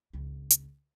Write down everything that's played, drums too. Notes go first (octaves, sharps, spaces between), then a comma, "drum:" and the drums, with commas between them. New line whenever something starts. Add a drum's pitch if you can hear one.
G#1 C#2
drum: hi-hat